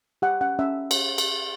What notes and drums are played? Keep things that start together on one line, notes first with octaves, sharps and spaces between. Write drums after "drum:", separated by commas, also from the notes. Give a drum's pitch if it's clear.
G4 F#5
C#4 F#5
C#4 E5
drum: cymbal
drum: cymbal